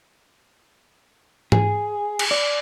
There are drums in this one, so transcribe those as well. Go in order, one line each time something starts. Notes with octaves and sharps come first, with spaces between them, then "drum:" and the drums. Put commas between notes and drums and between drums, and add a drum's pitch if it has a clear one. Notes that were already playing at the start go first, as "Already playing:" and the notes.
G#4, drum: tom G#2
drum: cymbal
D5